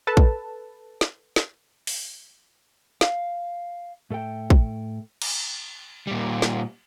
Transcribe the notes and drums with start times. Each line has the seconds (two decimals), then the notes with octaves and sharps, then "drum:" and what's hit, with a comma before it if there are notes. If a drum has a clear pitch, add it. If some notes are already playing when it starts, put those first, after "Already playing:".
0.07 A4 B4 A5
0.17 drum: kick
1.01 drum: snare
1.36 drum: snare
1.87 drum: open hi-hat
3.01 F5, drum: snare
4.11 A2 A4 E5 G5
4.50 drum: kick
5.22 drum: cymbal
6.07 A#2 G3
6.42 drum: snare